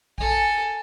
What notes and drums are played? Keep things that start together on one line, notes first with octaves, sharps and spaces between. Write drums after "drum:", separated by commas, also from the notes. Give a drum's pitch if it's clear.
A4 G#5, drum: kick A#1